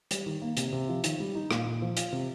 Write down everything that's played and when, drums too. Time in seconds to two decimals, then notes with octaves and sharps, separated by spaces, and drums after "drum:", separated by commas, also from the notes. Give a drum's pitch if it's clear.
0.11 G3, drum: hi-hat
0.26 D#3
0.42 A#3
0.57 C3, drum: hi-hat
0.73 C3
0.89 F3
1.04 D#3, drum: hi-hat
1.20 G3
1.35 D#4
1.51 A#2, drum: rim click
1.66 A#2
1.82 F3
1.97 F4, drum: hi-hat
2.12 C3